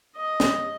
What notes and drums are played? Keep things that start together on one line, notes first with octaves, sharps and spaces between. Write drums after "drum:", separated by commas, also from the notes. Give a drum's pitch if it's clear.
D#5
drum: snare